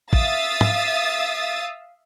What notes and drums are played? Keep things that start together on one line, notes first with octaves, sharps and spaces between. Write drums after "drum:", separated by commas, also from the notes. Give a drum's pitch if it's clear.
E5 F5 D#6 E6 A6, drum: kick A1
drum: tom